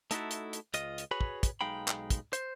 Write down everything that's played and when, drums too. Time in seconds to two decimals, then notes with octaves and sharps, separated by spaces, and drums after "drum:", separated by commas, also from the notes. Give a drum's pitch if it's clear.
0.11 A3 D#4 E4 F#4 A4, drum: hi-hat
0.31 drum: hi-hat
0.53 drum: hi-hat
0.74 C#2 F4 D#5, drum: hi-hat
0.98 drum: hi-hat
1.11 F#4 G#4 B4 C#5 B5
1.21 drum: kick
1.43 drum: kick, hi-hat
1.61 B1 G#3 D#4 F5 G5 B5
1.88 drum: clap
2.10 drum: kick, hi-hat
2.33 C5, drum: hi-hat